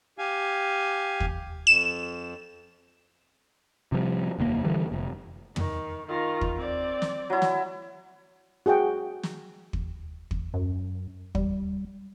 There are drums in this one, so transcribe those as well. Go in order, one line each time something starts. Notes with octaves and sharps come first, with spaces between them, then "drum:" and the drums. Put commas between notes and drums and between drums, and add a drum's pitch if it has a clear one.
G4 F5 G#5
drum: kick
F2 E7
C3 F3 G3
F1 D#2 B2 A#3
D3 E3 G3
F1
D#3, drum: tom
D#3 F4
drum: kick
C4 D5
drum: snare
F#3 E4
drum: snare
F#4 G#4 F#5 G5
drum: snare
drum: kick
drum: kick
F#2
G3, drum: kick